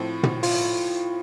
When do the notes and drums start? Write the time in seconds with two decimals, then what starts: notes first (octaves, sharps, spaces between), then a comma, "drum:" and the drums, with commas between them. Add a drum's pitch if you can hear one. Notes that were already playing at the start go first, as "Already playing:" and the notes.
Already playing: A2 F3 C4
0.23 drum: tom
0.43 F4, drum: open hi-hat